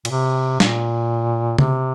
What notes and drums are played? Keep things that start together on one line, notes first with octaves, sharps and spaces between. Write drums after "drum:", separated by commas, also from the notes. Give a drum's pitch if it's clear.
A#2, drum: cymbal
C3
A#2, drum: snare
C3, drum: tom C#3